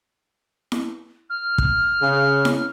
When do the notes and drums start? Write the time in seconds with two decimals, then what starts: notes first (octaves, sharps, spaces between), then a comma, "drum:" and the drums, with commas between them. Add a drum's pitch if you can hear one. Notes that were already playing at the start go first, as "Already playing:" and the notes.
0.72 drum: snare E4
1.29 F6
1.58 drum: kick
2.02 C#3
2.45 drum: snare E4